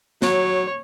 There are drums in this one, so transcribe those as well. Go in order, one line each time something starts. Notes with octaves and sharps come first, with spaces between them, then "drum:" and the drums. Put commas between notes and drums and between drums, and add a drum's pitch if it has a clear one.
F#3 C#5, drum: snare